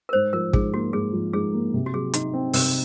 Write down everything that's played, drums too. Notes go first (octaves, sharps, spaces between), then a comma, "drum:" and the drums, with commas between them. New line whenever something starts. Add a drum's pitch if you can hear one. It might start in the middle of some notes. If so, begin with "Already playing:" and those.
A#4
G#2 C5
F3 A#4
G#2 G#4, drum: kick
A#3 F#4
G#2 G#4
F3
G#2 G#4
A#3
C3
F#4
F#3 G#4
D#4 F#4, drum: hi-hat
C4
C3 A#4, drum: open hi-hat